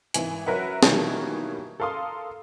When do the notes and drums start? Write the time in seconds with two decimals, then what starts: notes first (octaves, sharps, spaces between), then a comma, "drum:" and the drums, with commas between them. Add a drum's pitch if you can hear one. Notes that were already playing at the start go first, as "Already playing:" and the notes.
0.14 G#1 E3 G#5, drum: hi-hat
0.46 F#3 C#4 A#4 B4 E5 F#5
0.83 B2 D#3 E3 F#3 G3 A#3, drum: snare
1.80 A4 A#4 F5 C6 D#6